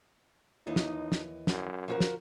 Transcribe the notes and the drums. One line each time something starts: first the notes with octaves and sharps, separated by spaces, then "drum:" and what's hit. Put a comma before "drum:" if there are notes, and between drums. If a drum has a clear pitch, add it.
D#2 E3 D#4 D#5
drum: snare
drum: snare
F#2, drum: snare
F3 F#4 A#4
drum: snare